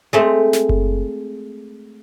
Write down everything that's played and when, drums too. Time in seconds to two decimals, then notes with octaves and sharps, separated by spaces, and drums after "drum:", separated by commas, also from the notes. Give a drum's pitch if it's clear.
0.13 G#3 A3 C4
0.53 drum: snare
0.69 drum: kick F#1